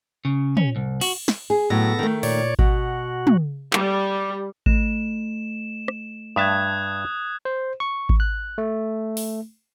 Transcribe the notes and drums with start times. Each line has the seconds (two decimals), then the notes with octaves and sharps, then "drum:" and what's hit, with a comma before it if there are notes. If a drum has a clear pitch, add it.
0.25 C#3
0.57 C#4, drum: tom
0.76 C2
1.01 F#4, drum: cymbal
1.28 drum: snare
1.50 G#4
1.70 A2 F#3 B3 A4 A#6
1.99 D#3 A3
2.23 A#2 C#5 D5, drum: open hi-hat
2.59 B2 F#4, drum: kick G#1
3.27 drum: tom
3.73 G3, drum: clap
4.66 A3 E7, drum: kick G#1
5.88 drum: rim click
6.36 G2 E5 A5 D#6 F#6 G#6
7.45 C5
7.80 C#6
8.09 drum: kick G#1
8.20 F#6
8.58 A3
9.17 drum: open hi-hat